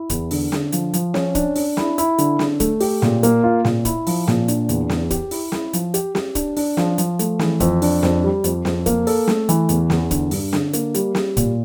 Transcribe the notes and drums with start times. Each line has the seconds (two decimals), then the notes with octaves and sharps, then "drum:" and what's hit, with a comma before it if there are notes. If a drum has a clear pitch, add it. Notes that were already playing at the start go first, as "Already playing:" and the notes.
Already playing: E4
0.10 E2, drum: kick, hi-hat
0.31 D3, drum: open hi-hat
0.52 D3, drum: snare
0.72 F3, drum: hi-hat
0.94 F3, drum: hi-hat
1.14 C#4, drum: snare
1.35 D4, drum: kick, hi-hat
1.56 D4, drum: open hi-hat
1.77 E4, drum: snare
1.98 E4, drum: hi-hat
2.18 D3, drum: hi-hat
2.39 D3, drum: snare
2.60 A3, drum: kick, hi-hat
2.81 G4, drum: open hi-hat
3.02 A#2, drum: snare
3.23 A#3, drum: hi-hat
3.44 F4
3.65 A#2, drum: snare
3.85 E4, drum: kick, hi-hat
4.07 F3, drum: open hi-hat
4.28 A#2, drum: snare
4.48 D4, drum: hi-hat
4.69 E2, drum: hi-hat
4.89 E2, drum: snare
5.11 G4, drum: kick, hi-hat
5.31 E4, drum: open hi-hat
5.52 E4, drum: snare
5.73 F3, drum: hi-hat
5.94 G4, drum: hi-hat
6.15 G4, drum: snare
6.35 D4, drum: kick, hi-hat
6.57 D4, drum: open hi-hat
6.77 F3, drum: snare
6.98 F3, drum: hi-hat
7.19 A3, drum: hi-hat
7.39 E3, drum: snare
7.60 F2, drum: kick, hi-hat
7.82 D4, drum: open hi-hat
8.03 F2, drum: snare
8.23 G3
8.44 F2, drum: hi-hat
8.65 F2, drum: snare
8.86 A#3, drum: kick, hi-hat
9.07 A4, drum: open hi-hat
9.28 A3, drum: snare
9.49 E3, drum: hi-hat
9.69 E2, drum: hi-hat
9.90 E2, drum: snare
10.11 D3, drum: kick, hi-hat
10.31 G2, drum: open hi-hat
10.53 D3, drum: snare
10.73 A#3, drum: hi-hat
10.94 G3, drum: hi-hat
11.15 G3, drum: snare
11.37 A#2, drum: kick, hi-hat